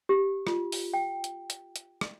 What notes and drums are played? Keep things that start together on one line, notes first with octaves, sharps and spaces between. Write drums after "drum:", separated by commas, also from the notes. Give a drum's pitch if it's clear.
G4
F4, drum: rim click
drum: open hi-hat
G5
drum: hi-hat
drum: hi-hat
drum: hi-hat
drum: rim click